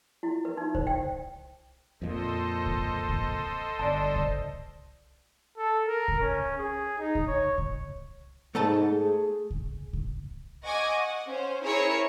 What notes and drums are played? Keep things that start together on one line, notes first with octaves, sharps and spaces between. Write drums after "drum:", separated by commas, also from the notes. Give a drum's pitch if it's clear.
E4
B4
D#4
C5, drum: kick C2
G5
F2 A#2 A4 C5 D#5
drum: kick C2
drum: kick C2
G1 D5 A5
drum: kick C2
A4
A#4
drum: kick C2
C#4
G#4
D#4
drum: kick C2
C#5
drum: kick C2
G#2 A3 A4 A5
G#4
drum: kick C2
drum: kick C2
D#5 F#5 G#5 C#6 D6
F#5
C#4 C5
E4 G#4 A#4 C5 C#5